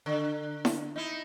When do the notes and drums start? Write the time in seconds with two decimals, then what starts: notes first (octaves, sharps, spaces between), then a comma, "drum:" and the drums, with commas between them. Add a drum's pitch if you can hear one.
0.06 D3
0.65 drum: snare E4
0.96 D#4 E4